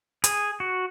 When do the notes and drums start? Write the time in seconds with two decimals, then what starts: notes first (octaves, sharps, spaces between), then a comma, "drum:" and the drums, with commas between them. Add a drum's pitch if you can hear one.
0.24 G#4, drum: hi-hat
0.60 F#4